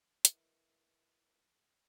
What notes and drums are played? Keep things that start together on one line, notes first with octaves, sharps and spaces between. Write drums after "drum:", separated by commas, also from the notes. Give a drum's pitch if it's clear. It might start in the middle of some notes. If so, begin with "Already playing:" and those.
E4 A#4 B4 D#5 E5, drum: hi-hat